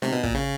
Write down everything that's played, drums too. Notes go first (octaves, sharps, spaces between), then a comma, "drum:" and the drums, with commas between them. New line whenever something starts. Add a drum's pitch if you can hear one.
C3, drum: snare
B2
A#2, drum: kick
C#3